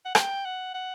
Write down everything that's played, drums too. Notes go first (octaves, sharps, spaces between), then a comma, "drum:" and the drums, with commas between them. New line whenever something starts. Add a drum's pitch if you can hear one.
F#5
G5, drum: rim click
F#5
F#5